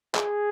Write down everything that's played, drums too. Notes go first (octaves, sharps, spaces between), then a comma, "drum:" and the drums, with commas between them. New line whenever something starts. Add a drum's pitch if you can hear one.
G#4, drum: clap